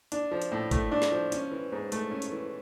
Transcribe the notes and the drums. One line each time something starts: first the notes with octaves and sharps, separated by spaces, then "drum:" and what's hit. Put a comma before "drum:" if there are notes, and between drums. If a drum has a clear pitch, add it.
D4, drum: hi-hat
F3
drum: hi-hat
A2
A3, drum: kick F#1, hi-hat
D4
drum: snare
F3
C#4, drum: hi-hat
E3
G#2
A3, drum: hi-hat
C#4
drum: hi-hat
E3